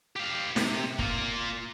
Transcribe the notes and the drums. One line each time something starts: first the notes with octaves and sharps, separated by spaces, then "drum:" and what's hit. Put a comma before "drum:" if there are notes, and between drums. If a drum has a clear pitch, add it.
G4 F5
C3, drum: snare
A#3 F4, drum: kick